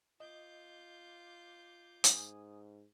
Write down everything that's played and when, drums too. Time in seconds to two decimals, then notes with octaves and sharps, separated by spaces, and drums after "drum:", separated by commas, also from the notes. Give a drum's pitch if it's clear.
0.20 F4 D#5 D6 G6
2.04 G#2 G#5 D#6, drum: hi-hat